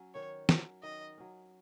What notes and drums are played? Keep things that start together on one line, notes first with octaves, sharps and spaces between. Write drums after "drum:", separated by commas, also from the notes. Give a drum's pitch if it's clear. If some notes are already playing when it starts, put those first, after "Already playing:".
Already playing: F#3 C#4
D#3 C#5
F#3 C#4, drum: snare
D#3 D#5
F#3 C#4